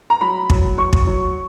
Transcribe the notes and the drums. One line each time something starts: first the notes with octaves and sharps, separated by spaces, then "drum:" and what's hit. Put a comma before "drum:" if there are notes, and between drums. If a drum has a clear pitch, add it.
A#5
F#3 B5
F#3, drum: kick
F#3 C#6
drum: kick
F#3